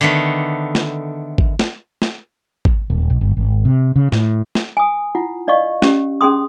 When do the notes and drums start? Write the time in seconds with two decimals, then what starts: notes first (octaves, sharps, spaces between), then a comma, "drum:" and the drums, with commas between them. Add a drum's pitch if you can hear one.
0.01 D3 D#3 A3 B3
0.75 drum: snare
1.38 drum: kick
1.59 drum: snare
2.02 drum: snare
2.65 drum: kick
2.90 D#1
3.10 B1
3.21 G1
3.37 G#1
3.65 C3
3.96 C#3
4.12 A2, drum: snare
4.55 drum: snare
4.77 G#5 D#6
5.15 E4 F4 F#5
5.48 D4 D5 D#5 F5 C#6
5.82 C#4 G4, drum: snare
6.21 C#4 D4 G#4 G5 C6 D#6